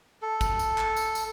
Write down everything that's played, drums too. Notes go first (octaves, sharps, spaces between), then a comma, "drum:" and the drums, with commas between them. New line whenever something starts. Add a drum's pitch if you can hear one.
A4
drum: kick, tambourine
drum: tambourine
drum: clap
drum: tambourine
drum: tambourine